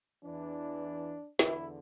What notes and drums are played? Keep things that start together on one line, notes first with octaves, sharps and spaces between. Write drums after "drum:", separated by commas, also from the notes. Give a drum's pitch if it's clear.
E2 E3 D4
E2 D3 E4, drum: snare